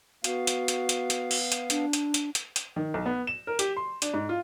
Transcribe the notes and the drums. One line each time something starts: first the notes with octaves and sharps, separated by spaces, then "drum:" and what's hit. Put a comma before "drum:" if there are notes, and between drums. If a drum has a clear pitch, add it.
B3 F#4 F5, drum: hi-hat
drum: hi-hat
drum: hi-hat
drum: hi-hat
drum: hi-hat
drum: open hi-hat
drum: hi-hat
D4, drum: hi-hat
drum: hi-hat
drum: hi-hat
drum: hi-hat
drum: hi-hat
D#3
B1
B3
E7
A#4
G4, drum: hi-hat
C6
D4, drum: hi-hat
G#2
F4